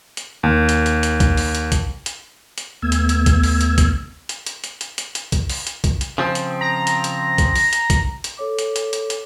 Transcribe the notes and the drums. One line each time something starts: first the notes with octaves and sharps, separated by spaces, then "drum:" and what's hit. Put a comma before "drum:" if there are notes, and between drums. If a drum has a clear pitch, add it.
drum: hi-hat
D#2
drum: hi-hat
drum: hi-hat
drum: hi-hat
drum: kick, hi-hat
drum: open hi-hat
drum: hi-hat
drum: kick, hi-hat
drum: hi-hat
drum: hi-hat
D#2 A3 B3 E6 G#6
drum: hi-hat
drum: hi-hat
drum: kick, hi-hat
drum: open hi-hat
drum: hi-hat
drum: kick, hi-hat
drum: hi-hat
drum: hi-hat
drum: hi-hat
drum: hi-hat
drum: hi-hat
drum: hi-hat
drum: kick, hi-hat
drum: open hi-hat
drum: hi-hat
drum: kick, hi-hat
drum: hi-hat
C#3 F3 C4
drum: hi-hat
A#5
drum: hi-hat
drum: hi-hat
drum: kick, hi-hat
drum: open hi-hat
drum: hi-hat
drum: kick, hi-hat
drum: hi-hat
A4 C#5 D6
drum: hi-hat
drum: hi-hat
drum: hi-hat
drum: hi-hat